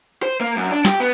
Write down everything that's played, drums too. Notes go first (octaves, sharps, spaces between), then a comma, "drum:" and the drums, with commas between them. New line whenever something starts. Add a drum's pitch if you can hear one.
C5
A#3
F#2
D4
G4, drum: snare
B3